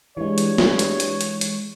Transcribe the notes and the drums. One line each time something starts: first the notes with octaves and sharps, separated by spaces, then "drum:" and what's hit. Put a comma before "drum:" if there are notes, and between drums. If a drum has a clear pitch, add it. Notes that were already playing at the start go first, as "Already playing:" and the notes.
G2 E3 G#3 C#5
drum: hi-hat
drum: snare
drum: hi-hat
drum: hi-hat
drum: hi-hat
drum: hi-hat